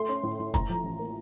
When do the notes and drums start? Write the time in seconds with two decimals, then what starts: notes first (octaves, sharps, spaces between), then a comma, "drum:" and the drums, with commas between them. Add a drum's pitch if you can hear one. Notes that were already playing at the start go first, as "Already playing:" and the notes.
Already playing: A3 C6
0.09 C#4
0.23 A2
0.39 A2
0.54 A2 A#5, drum: kick, hi-hat
0.69 F3
0.84 A1
0.99 A#3